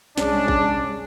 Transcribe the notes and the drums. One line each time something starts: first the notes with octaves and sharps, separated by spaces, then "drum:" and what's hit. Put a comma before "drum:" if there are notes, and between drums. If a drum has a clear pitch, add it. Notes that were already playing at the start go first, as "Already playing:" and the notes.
C2 G#3 C#4 D4, drum: snare
drum: kick A#1